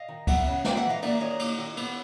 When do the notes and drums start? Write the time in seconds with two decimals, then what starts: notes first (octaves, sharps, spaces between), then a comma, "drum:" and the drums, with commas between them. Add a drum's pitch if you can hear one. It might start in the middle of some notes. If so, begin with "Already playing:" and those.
Already playing: D#5 F5
0.08 D#3
0.27 B3 E5 F#5, drum: kick, cymbal
0.47 C#3
0.65 A#3 F5 G5, drum: snare
0.77 E5 F#5
0.84 E3
0.89 D#5 F5
1.02 A#3 D5 E5, drum: cymbal
1.20 D#3 C#5 D#5
1.39 A#3, drum: cymbal
1.58 D#3
1.77 B3, drum: cymbal